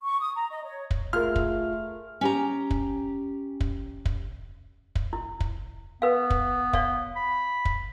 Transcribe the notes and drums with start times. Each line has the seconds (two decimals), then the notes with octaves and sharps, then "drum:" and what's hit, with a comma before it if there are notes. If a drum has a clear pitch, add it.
0.04 C#6
0.20 D#6
0.35 A#5
0.51 D#5
0.64 C#5
0.91 drum: kick
1.13 A3 F4 G#4 A#4 F6
1.36 drum: kick
2.21 C#4 G4 A#5
2.71 drum: kick
3.60 drum: kick
4.05 drum: kick
4.95 drum: kick
5.13 E4
5.40 drum: kick
6.02 B3 B4 F5
6.30 drum: kick
6.73 C#5 F5, drum: kick
7.16 B5
7.65 drum: kick